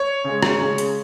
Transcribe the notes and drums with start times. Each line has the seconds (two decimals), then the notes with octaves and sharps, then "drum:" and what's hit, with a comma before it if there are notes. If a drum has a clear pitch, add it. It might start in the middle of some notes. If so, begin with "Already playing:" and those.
Already playing: C#5
0.24 C#3 G#3
0.43 drum: rim click
0.61 C#3 G#3
0.78 drum: hi-hat